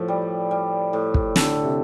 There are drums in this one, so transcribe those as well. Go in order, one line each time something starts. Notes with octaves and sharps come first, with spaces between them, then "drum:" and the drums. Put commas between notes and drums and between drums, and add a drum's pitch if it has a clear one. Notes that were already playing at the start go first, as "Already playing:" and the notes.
Already playing: A2 F3
G3
G3
A2
drum: kick
D3 A4, drum: snare
C3